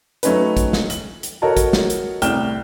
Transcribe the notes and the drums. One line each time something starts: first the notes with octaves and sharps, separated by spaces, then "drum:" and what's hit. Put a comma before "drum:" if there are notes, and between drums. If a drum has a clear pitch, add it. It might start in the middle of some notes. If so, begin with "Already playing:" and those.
F#3 A3 C#4 D#4 B4, drum: hi-hat
drum: kick, hi-hat
drum: snare
F#7, drum: hi-hat
drum: hi-hat
F#4 A4 A#4 C#5 D#5 A5
drum: kick, hi-hat
drum: snare
drum: hi-hat
C2 A2 G5 F6 E7 G7, drum: hi-hat